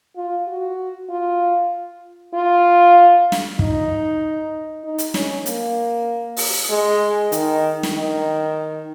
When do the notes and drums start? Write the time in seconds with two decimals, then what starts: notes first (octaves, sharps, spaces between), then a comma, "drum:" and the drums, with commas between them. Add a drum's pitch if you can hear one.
0.16 F4
0.48 F#4
1.10 F4
2.34 F4
3.32 drum: snare
3.59 D#4, drum: kick
4.84 D#4
4.98 drum: hi-hat
5.14 C#4, drum: snare
5.46 A#3, drum: hi-hat
6.37 drum: open hi-hat
6.70 G#3
7.32 D#3, drum: hi-hat
7.83 drum: snare
7.95 D#3